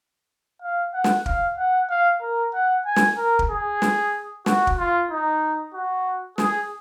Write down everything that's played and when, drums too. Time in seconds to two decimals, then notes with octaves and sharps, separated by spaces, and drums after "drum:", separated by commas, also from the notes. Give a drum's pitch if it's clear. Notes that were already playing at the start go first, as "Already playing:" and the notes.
0.62 F5
0.94 F#5
1.04 drum: snare
1.26 F5, drum: kick
1.58 F#5
1.90 F5
2.22 A#4
2.54 F#5
2.86 G#5
2.96 drum: snare
3.18 A#4
3.39 drum: kick
3.50 G#4
3.82 drum: snare
4.46 F#4, drum: snare
4.67 drum: kick
4.78 F4
5.10 D#4
5.74 F#4
6.38 G#4, drum: snare